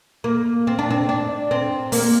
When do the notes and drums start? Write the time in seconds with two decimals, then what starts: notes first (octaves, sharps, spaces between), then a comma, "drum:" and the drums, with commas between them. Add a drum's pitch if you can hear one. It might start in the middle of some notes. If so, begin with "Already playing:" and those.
0.24 A#3
0.67 C4
0.79 D4
0.91 C4
1.09 D4
1.51 C4
1.92 A#3, drum: open hi-hat